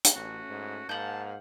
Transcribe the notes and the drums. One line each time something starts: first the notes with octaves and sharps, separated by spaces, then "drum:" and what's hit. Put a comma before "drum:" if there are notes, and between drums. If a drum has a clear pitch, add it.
drum: hi-hat
A1 A3 C#4 F#4
G#2
G#2 A#3 F5 F#5 A5 G6